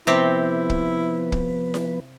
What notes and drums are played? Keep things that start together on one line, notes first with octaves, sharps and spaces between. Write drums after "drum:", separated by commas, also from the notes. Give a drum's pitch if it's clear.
C3 F3 B3 C4 E4 G4 B4
drum: kick
drum: kick
drum: snare E4